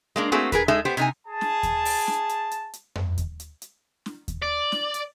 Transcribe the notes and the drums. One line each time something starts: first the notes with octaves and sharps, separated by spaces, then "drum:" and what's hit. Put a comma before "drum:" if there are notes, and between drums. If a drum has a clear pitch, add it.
G#3 A#3 D4
A3 A#3 C4 F#4 G#4 A4
G#4 A#4 B4, drum: kick D#2, hi-hat
G#3 D#4 G#4 A4 E5
B3 G4 C5
C3 D#4 G#5, drum: hi-hat
G#4 A5
drum: snare
drum: kick D#2, hi-hat
drum: open hi-hat
drum: snare
drum: hi-hat
drum: hi-hat
drum: hi-hat
drum: tom F2
drum: kick D#2, hi-hat
drum: hi-hat
drum: hi-hat
drum: snare
drum: kick D#2, hi-hat
D5
drum: snare
drum: hi-hat